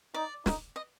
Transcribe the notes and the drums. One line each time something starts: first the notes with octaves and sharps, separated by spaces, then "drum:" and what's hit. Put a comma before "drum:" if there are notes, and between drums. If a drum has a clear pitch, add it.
D#4 D5
D#4, drum: snare
D#5